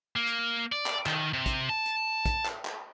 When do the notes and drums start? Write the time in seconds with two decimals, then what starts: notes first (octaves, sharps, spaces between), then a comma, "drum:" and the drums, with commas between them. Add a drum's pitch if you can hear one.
0.16 A#3
0.27 drum: hi-hat
0.72 D5
0.86 drum: clap
1.06 D#3, drum: clap
1.33 C3
1.46 drum: kick, hi-hat
1.69 A5
1.86 drum: hi-hat
2.25 drum: kick, hi-hat
2.45 drum: clap
2.65 drum: clap